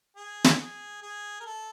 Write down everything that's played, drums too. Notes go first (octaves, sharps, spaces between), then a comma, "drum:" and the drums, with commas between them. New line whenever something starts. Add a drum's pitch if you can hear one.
G#4
drum: snare
G#4
G#4
A#4
A4